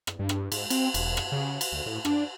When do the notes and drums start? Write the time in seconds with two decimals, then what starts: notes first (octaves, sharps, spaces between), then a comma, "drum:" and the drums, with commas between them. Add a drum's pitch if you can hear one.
0.07 drum: rim click
0.19 G2
0.29 drum: rim click
0.52 G#2, drum: cymbal
0.70 C4, drum: cymbal
0.94 E1, drum: cymbal
1.17 drum: rim click
1.32 C#3
1.61 drum: cymbal
1.72 D2
1.86 A2
2.05 D4, drum: rim click